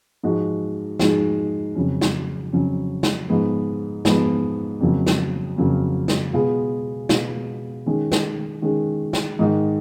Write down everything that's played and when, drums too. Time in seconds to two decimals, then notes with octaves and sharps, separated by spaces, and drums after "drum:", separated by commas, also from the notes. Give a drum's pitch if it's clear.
0.23 G#2 F3 G#3 D#4 F#4
1.00 G#2 F3 G#3 D#4 F#4, drum: snare
1.75 F2 C#3 F#3 C#4
2.01 drum: snare
2.52 F2 C#3 F#3 C#4
3.03 drum: snare
3.29 G#2 F3 G#3 B3
4.05 G#2 F3 G#3 B3, drum: snare
4.81 F2 C#3 F#3 A#3
5.07 drum: snare
5.58 F2 C#3 F#3 A#3
6.08 drum: snare
6.33 B2 G#3 B3 F4 G#4
7.09 B2 G#3 B3 F4 G#4, drum: snare
7.86 D#3 G#3 C#4 G#4
8.12 drum: snare
8.62 D#3 G#3 C#4 G#4
9.13 drum: snare
9.39 G#2 D#3 G#3 D#4